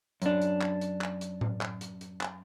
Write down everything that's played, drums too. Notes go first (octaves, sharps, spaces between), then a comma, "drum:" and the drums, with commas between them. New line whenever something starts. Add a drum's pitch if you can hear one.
F#2 D4, drum: hi-hat
drum: hi-hat
drum: clap
drum: hi-hat
drum: clap
drum: hi-hat
drum: tom A2
drum: clap
drum: hi-hat
drum: hi-hat
drum: clap